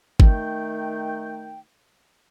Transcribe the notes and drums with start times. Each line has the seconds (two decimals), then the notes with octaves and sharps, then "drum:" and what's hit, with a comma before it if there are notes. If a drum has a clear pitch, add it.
0.20 D#3 A3 G5, drum: kick G1